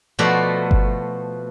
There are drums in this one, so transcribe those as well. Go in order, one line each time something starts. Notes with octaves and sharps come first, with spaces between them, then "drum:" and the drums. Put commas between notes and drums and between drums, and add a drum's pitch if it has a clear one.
B2 F3 A3 F#4 D5
drum: kick G1